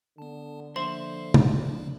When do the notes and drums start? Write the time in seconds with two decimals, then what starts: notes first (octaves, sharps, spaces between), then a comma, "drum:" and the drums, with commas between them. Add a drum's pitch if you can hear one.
0.18 D3 B3 A5
0.76 F3 A#3 D4 C5 E5 C6
1.34 drum: tom C3